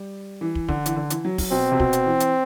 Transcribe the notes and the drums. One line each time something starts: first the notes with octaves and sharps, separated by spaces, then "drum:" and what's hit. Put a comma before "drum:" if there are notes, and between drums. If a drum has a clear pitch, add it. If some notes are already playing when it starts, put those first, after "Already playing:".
Already playing: G3
E3
drum: kick
D3, drum: kick
E3, drum: hi-hat
D3
E3, drum: hi-hat
F#3
F#3, drum: kick, open hi-hat
B2 C4
C3
B2, drum: kick
drum: hi-hat
E3
drum: hi-hat